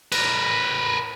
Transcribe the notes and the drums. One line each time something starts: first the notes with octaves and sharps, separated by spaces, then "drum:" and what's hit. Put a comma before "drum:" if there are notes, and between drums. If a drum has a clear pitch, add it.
A#4 B4, drum: cymbal